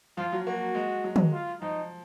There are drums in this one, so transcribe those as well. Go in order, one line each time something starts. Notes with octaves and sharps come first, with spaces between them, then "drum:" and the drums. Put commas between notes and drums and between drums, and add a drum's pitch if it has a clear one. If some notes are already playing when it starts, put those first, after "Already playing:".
F3 F4
F#3
A#3 F#4
G#3
F#3
drum: tom
F4
F3 D#4